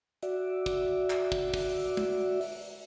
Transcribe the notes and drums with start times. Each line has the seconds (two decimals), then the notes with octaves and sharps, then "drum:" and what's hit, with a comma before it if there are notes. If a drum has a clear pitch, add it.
0.23 F#4 D5 E5, drum: hi-hat
0.66 drum: kick, hi-hat
1.10 drum: clap
1.32 drum: kick
1.54 drum: kick, open hi-hat
1.97 drum: tom
2.41 drum: open hi-hat